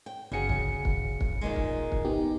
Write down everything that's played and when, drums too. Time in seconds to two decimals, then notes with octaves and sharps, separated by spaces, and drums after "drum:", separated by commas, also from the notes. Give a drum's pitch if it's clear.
0.06 G5
0.32 G1 C#3 F#4 G#4 C#7
0.49 drum: kick
0.85 drum: kick
1.21 drum: kick
1.41 A#2 D#3 G#3
1.56 drum: kick
1.92 drum: kick
2.05 B3 D#4 G4